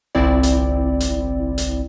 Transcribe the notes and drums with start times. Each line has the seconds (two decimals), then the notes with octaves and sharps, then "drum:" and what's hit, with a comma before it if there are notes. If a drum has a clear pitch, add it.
0.15 G1 C2 C4 E4 D5
0.43 drum: hi-hat
1.00 drum: hi-hat
1.58 drum: hi-hat